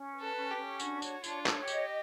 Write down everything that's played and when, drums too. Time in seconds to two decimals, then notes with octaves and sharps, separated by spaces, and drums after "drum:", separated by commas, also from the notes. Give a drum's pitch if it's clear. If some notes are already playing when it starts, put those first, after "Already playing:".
Already playing: C#4
0.13 B4
0.21 A4
0.36 C#4
0.51 G4
0.57 C#4
0.80 D4 F#4, drum: tambourine
1.02 C#5, drum: tambourine
1.24 D4 F4, drum: tambourine
1.46 C#5, drum: clap
1.68 G4 D#5, drum: tambourine